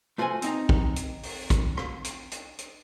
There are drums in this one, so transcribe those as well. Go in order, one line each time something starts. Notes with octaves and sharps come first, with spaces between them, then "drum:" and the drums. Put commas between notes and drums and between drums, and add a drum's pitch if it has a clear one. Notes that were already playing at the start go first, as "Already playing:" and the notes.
A3 F4 F#4 C5 G#5
C4 D#4 A#5, drum: hi-hat
drum: kick
drum: hi-hat
drum: open hi-hat
drum: kick, hi-hat
drum: rim click
drum: hi-hat
drum: hi-hat
drum: hi-hat